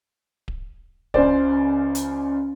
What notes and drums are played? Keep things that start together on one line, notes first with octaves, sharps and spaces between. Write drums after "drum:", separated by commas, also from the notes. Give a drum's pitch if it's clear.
drum: kick D1
C#2 C#3 C5 D5, drum: kick D1
drum: hi-hat